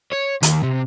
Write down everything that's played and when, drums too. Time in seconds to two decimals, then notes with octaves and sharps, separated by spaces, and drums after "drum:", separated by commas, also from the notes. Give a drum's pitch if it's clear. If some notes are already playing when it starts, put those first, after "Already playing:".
0.13 C#5
0.43 D#2, drum: hi-hat
0.63 C3